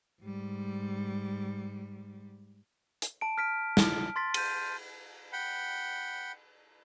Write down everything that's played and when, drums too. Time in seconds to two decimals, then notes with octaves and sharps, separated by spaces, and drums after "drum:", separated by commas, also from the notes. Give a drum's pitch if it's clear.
0.22 G#2 G3
3.02 drum: hi-hat
3.21 A5 D7
3.38 F6 B6 D7
3.77 drum: snare
4.16 C6 A6 B6
4.34 G6 D#7, drum: cymbal
5.33 F#5 G5 B5